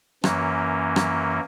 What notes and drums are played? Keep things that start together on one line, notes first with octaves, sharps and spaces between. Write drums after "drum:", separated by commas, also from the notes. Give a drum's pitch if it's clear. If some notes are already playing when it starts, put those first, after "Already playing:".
F#2 E3 A#3 C#4, drum: rim click
drum: rim click